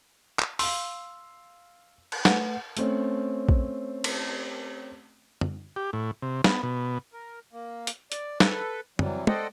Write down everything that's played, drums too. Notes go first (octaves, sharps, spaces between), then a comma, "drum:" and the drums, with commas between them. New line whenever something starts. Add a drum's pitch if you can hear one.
drum: clap
F5 C6 E6, drum: open hi-hat
drum: cymbal
A3 B4 F#5, drum: snare
A3 C4 C#4, drum: hi-hat
drum: kick A#1
drum: cymbal
drum: tom
G4
A2
C3
B3, drum: snare
B2
A#4
A#3
drum: hi-hat
D5, drum: hi-hat
A4 B4, drum: snare
C3 E3 F#3 G3, drum: tom
A4 C5 D5 D#5 F#5 G5, drum: tom